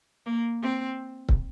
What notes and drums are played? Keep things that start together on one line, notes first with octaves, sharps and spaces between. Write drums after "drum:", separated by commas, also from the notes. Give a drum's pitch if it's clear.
A#3
C4
drum: kick